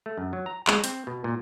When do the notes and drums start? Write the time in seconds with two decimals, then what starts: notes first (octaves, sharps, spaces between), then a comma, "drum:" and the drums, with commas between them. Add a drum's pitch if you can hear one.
0.06 A3
0.18 F#2
0.33 F#3
0.46 A#5
0.67 G#3, drum: clap
0.84 C4, drum: hi-hat
1.07 B2
1.24 A#2